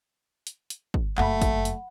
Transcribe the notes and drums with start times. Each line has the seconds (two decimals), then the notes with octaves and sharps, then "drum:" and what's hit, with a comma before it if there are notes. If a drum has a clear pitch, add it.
0.47 drum: hi-hat
0.70 drum: hi-hat
0.94 drum: kick
1.18 F#1 F#2 A3 F#5 B5, drum: clap
1.42 drum: kick, hi-hat
1.65 drum: hi-hat